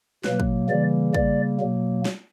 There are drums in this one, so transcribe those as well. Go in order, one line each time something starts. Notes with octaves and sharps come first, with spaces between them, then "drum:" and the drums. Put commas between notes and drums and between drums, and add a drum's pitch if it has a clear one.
B2 F#3 A#3 B4, drum: snare
drum: kick
C#3 E3 G3 A#3 D5
C#3 G3 A#3 D5, drum: kick
B2 F#3 A#3
drum: snare